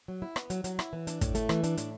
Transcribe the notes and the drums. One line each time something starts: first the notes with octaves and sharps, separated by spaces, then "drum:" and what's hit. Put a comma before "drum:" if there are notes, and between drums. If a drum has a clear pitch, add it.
F#3
E4
B3, drum: rim click
F#3, drum: hi-hat
F#3, drum: hi-hat
E4, drum: rim click
E3
D4, drum: hi-hat
A2, drum: kick, hi-hat
A3, drum: hi-hat
E3, drum: rim click
D4, drum: hi-hat
A2, drum: hi-hat